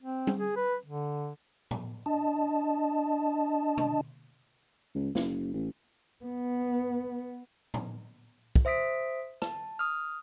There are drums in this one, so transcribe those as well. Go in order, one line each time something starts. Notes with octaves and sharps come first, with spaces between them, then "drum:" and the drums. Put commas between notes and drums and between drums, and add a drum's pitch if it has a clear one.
C4
drum: tom G3
G#4
B4
D3
drum: tom
D4 D#5 A5
drum: tom
C#2
F#1, drum: snare
A1
B3
drum: tom
drum: kick
C5 E5 D#6 B6 D7
A5, drum: rim click
D#6 F6